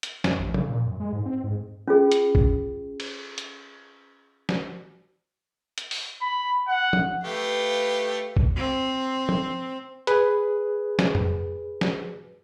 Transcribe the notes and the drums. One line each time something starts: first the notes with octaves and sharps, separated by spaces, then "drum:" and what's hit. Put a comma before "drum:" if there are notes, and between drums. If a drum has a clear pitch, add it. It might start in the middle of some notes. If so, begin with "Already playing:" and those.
drum: hi-hat
F#2, drum: snare
A1
C#3, drum: tom F3
A#2
F#2
G#3
G#2
C4
G#2
C#4 F4 G#4
drum: hi-hat
drum: kick
drum: cymbal
drum: hi-hat
drum: snare
drum: hi-hat
drum: open hi-hat
B5
F#5
drum: tom F3
A3 G4 B4 F5
drum: kick
C4
drum: tom F3
G#4 B4, drum: hi-hat
drum: snare
drum: tom F2
drum: snare